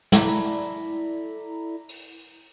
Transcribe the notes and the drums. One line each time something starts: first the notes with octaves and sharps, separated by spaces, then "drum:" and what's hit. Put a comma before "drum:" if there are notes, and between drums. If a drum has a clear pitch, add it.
E4 A4 D5 A#5 B5, drum: snare
drum: open hi-hat